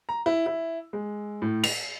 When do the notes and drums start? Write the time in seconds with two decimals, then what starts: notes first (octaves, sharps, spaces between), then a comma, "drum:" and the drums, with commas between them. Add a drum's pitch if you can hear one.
0.09 A#5
0.26 E4
0.46 E4
0.93 G#3
1.42 A2
1.64 F7, drum: cymbal